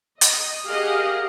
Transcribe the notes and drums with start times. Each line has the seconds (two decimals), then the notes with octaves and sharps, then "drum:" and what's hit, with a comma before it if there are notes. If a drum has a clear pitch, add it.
0.21 D#5, drum: hi-hat
0.67 G4 G#4 A#4 D#5 F5 F#5